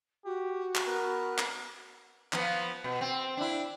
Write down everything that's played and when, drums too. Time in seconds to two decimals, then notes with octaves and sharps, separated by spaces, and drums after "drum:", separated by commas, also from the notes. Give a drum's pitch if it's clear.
0.25 F#4 G4
0.75 drum: clap
0.87 B3 A#4 B4 F#6
1.38 drum: clap
2.33 F3 B3, drum: clap
2.84 B2
3.01 C4
3.37 D4 E4